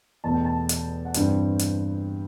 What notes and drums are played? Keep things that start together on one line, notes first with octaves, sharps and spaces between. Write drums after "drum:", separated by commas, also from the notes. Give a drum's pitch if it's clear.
E2 B2 A3 A5
G5
A5
drum: hi-hat
F#5
G2 E3 G3 C4 G5, drum: hi-hat
drum: hi-hat